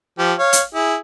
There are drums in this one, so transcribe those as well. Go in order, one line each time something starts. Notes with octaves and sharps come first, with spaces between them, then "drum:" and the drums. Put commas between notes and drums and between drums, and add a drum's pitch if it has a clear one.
F3 G4
C#5 F5
drum: hi-hat
E4 G#4